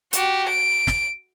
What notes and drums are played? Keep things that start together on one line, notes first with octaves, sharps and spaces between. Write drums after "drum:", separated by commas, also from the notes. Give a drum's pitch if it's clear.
F#4 G4, drum: hi-hat
D7
drum: snare